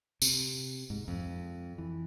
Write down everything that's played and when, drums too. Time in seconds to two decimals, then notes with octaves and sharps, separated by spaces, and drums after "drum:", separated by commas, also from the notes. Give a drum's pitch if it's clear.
0.22 C3, drum: tambourine
0.90 G#2
1.08 F2
1.78 E3